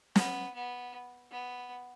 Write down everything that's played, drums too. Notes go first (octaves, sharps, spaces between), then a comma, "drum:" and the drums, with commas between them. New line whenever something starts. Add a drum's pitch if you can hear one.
B3, drum: snare
B3
B3